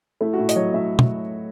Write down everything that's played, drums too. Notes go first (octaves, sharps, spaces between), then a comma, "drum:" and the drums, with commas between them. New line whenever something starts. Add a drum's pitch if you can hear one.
A3 E4
F#4
A2 E4
D#5, drum: hi-hat
F#3 C#5
A2 E5
drum: tom